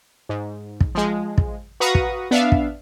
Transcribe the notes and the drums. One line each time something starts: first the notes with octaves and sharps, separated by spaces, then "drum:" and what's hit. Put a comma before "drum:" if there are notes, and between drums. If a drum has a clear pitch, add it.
G#2
drum: kick
F3 G#3
drum: kick
F#4 B4 F5 A#5 C#6 D#6
drum: kick
B3 D4 E5 F5
drum: kick